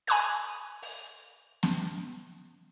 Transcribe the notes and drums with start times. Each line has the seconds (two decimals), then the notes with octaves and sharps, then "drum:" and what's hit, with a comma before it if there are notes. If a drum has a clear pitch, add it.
0.07 G#5 B5 C#6 D#6 F#6 G#6, drum: open hi-hat
0.82 drum: open hi-hat
1.63 drum: snare B3